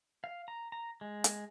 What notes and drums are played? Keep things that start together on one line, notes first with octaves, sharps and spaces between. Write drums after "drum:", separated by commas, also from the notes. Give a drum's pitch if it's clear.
F5
A#5
A#5
G#3
drum: hi-hat